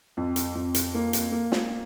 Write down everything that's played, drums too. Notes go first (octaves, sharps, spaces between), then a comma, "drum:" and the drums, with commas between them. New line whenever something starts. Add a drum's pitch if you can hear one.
F2
drum: hi-hat
F2
drum: hi-hat
A#3
drum: hi-hat
A#3
drum: snare